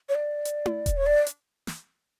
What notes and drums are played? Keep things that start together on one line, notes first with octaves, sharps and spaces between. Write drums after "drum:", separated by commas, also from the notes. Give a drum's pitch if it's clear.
C#5
D5
drum: hi-hat
drum: tom E4
drum: kick D#1, hi-hat
C#5
D5
drum: hi-hat
drum: snare